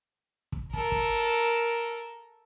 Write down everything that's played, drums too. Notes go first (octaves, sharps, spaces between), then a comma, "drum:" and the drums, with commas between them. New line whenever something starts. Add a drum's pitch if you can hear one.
drum: kick
A4 A#4, drum: kick
drum: kick